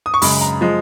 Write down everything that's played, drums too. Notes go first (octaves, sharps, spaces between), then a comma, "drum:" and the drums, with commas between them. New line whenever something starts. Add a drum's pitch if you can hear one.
D#6
C#6
F#2 C#3 G#3 B5, drum: open hi-hat
A#5
F3 G#3